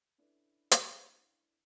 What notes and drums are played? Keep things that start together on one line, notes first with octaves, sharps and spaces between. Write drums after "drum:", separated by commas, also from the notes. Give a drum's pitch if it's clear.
C#4 D4 E4 A4 B4 D5
drum: hi-hat